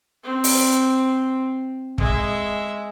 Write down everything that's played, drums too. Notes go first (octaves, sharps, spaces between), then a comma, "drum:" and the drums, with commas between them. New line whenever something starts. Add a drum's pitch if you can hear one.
C4
drum: open hi-hat
G#3 E5, drum: kick